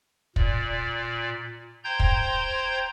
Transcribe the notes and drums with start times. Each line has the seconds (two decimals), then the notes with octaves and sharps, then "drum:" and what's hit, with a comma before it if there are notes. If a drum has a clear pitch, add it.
0.36 A#2 D5, drum: kick
1.84 C5 G5 A#5 C6 G6 G#6
2.00 drum: kick